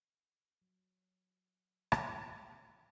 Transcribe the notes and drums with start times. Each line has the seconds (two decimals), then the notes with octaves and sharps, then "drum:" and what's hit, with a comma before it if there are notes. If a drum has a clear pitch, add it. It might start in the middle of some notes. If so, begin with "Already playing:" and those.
0.62 F#3
1.92 D#3, drum: rim click